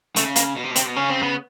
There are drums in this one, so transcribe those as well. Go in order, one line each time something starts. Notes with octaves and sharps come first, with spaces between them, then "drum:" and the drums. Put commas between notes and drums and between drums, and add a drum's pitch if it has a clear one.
C#3 A3, drum: hi-hat
A#3, drum: hi-hat
B2
C3
B2
C4, drum: hi-hat
C3
B2
C#3 C#4
C4
B3